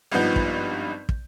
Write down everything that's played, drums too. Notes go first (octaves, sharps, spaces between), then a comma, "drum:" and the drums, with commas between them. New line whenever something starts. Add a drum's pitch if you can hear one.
G#1 G2 F3 B3 D#4 G6
drum: kick
drum: kick